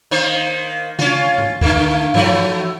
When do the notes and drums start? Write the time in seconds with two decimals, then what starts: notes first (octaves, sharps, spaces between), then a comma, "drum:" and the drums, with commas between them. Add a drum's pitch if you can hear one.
0.11 D#3 A#3 C5
0.99 C#4 F4, drum: tom C#3
1.38 drum: tom G#2
1.61 D3 A3 A#3, drum: kick
2.14 E3 F#3 A3, drum: tom G2